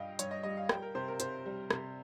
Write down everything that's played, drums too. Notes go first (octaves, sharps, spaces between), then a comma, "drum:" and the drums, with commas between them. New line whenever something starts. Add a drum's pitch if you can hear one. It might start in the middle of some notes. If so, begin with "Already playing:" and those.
Already playing: G2 G3 D#5 F5 G5
G2 C#5, drum: hi-hat
D#5
G3 D#5
F5
G3 G5, drum: rim click
A#4
C3 C5
A#4
C3 C5, drum: hi-hat
G3
C3, drum: rim click